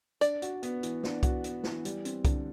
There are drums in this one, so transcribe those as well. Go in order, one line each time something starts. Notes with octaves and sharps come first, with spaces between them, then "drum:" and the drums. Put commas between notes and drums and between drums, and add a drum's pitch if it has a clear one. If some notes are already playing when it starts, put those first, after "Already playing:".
D4 D5, drum: hi-hat
F#4, drum: hi-hat
B3, drum: hi-hat
E3, drum: hi-hat
D4, drum: snare
F#4, drum: kick C2, hi-hat
B3, drum: hi-hat
E3, drum: snare
G3, drum: hi-hat
C4, drum: hi-hat
D3, drum: kick C2, hi-hat